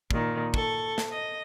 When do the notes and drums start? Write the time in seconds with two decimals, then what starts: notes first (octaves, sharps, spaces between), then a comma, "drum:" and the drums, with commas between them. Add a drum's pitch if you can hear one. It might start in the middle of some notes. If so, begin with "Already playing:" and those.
0.11 A#2 D#3, drum: kick
0.54 A4 C#6, drum: kick
0.98 drum: snare
1.12 D#5